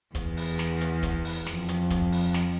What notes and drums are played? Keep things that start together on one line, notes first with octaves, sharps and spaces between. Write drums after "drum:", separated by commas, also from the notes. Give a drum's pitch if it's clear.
E2, drum: kick, hi-hat
drum: open hi-hat
drum: snare
drum: hi-hat
drum: kick, hi-hat
drum: open hi-hat
F2, drum: snare
drum: hi-hat
drum: kick, hi-hat
drum: open hi-hat
drum: snare